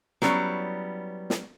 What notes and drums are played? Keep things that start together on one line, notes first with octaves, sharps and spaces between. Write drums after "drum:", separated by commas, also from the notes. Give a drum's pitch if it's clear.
F#3 G3 B3 C#4 E4, drum: snare
drum: snare